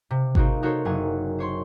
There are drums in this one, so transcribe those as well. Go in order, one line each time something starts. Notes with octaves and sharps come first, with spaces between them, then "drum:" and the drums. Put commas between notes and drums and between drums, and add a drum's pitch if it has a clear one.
C3
A#3 C4 D#4 F#4 G#4, drum: kick G#1
D#4 F#4 A4 A#4 C5 C#5
F#1 D#4 F#5 G#5
C5 C#5 C6